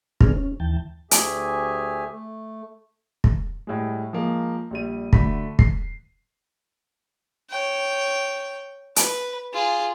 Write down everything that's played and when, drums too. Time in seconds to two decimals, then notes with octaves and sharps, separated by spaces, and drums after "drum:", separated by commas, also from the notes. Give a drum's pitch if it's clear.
0.21 B3 C4 D4 G#4 F6, drum: kick
0.37 C#4
0.60 D#2 E3 G5 A5
1.11 D2 A3 G4 G#4 E5 G#5, drum: hi-hat
2.10 A3
3.24 drum: kick
3.67 A2 G3 G#3
4.13 F3 G#3 A#3
4.71 A#1 G3 D#7
5.13 D3 A3 F#4 B5 B6, drum: kick
5.59 C7, drum: kick
7.50 C#5 G5
8.96 B4, drum: hi-hat
9.54 F4 G#4